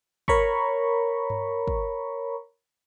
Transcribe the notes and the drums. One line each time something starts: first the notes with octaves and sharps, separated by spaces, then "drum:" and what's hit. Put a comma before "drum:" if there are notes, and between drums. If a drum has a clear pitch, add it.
A#4 C#5 A#5 B5 C#6, drum: kick
drum: tom G2
drum: kick